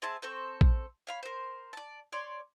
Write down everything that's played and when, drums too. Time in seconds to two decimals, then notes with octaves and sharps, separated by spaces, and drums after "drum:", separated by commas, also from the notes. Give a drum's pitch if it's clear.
0.02 C4 G#4 E5 A5
0.22 C4 A4 C5 C#6
0.61 drum: kick A#1
1.07 C#5 F5 B5
1.23 A#4 C5
1.73 D5 A5
2.12 C#5 D5 C6